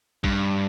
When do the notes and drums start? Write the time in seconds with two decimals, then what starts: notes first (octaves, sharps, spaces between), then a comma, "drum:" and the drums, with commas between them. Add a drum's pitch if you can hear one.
0.24 G2, drum: kick